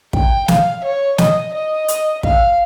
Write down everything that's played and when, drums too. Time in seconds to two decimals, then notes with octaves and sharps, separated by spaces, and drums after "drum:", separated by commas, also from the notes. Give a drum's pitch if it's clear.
0.13 G5, drum: kick
0.48 F5, drum: snare
0.84 C#5
1.18 D#5, drum: snare
1.54 D#5
1.88 drum: hi-hat
2.23 F5, drum: kick